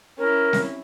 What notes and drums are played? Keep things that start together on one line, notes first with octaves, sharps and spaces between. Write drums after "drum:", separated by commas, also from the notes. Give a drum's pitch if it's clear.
C#4 E4 A#4
drum: snare C4